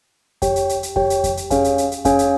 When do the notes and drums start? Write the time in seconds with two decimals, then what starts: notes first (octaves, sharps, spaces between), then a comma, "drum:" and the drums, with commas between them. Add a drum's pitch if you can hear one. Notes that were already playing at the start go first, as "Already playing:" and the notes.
0.42 G4 C#5 G5, drum: kick F2, hi-hat
0.56 drum: hi-hat
0.69 drum: hi-hat
0.83 drum: hi-hat
0.96 G4 C#5 G5, drum: kick F2
1.10 drum: hi-hat
1.24 drum: kick F2, hi-hat
1.37 drum: hi-hat
1.50 C#4 G#4 C#5 F5 G#5, drum: kick F2, hi-hat
1.64 drum: hi-hat
1.78 drum: hi-hat
1.92 drum: hi-hat
2.05 C#4 G#4 C#5 F5 G#5, drum: kick F2, hi-hat
2.19 drum: hi-hat